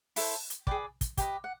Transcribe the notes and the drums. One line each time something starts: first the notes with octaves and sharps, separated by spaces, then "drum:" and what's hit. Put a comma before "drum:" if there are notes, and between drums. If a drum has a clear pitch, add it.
E4 A4 C5, drum: open hi-hat
drum: hi-hat
G#4 B4 D5 G5, drum: kick
drum: kick, hi-hat
G4 B4 D#5 G5, drum: kick, hi-hat
F#5